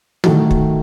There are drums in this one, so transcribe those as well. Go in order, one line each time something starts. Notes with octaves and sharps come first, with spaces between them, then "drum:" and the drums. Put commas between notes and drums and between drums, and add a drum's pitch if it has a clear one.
D#3 A3 D#4 F#4, drum: tom
drum: kick